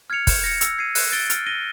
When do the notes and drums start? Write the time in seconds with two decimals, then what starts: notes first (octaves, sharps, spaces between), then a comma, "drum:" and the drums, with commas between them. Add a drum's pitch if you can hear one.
0.10 F6 G#6 C#7 F7
0.27 G6, drum: kick, open hi-hat
0.44 A#6 C#7
0.61 E6, drum: hi-hat
0.78 G#6 C7 D#7
0.95 F#6, drum: open hi-hat
1.12 A6 D7 G7
1.30 F6, drum: hi-hat
1.46 A#6 D#7 G7